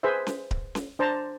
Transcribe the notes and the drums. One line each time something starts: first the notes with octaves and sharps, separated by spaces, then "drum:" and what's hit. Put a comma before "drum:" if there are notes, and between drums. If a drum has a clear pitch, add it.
G#4 B4 C5 E5
drum: snare C#4
drum: kick D1
drum: snare C#4
D4 C5 A5 A#5